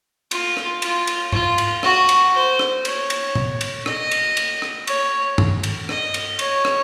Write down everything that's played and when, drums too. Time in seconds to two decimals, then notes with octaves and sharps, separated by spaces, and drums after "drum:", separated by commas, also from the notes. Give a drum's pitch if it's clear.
0.31 F4, drum: cymbal
0.57 drum: rim click
0.82 F4, drum: cymbal
1.07 drum: cymbal
1.32 F4, drum: tom G#2
1.58 drum: cymbal
1.83 F#4, drum: rim click
2.09 drum: cymbal
2.34 C5
2.59 drum: rim click
2.85 C#5, drum: cymbal
3.10 drum: cymbal
3.35 drum: tom
3.61 drum: cymbal
3.86 D#5, drum: rim click
4.11 drum: cymbal
4.37 drum: cymbal
4.62 drum: rim click
4.87 C#5, drum: cymbal
5.38 drum: tom
5.63 drum: cymbal
5.89 D#5, drum: rim click
6.14 drum: cymbal
6.39 C#5, drum: cymbal
6.65 drum: rim click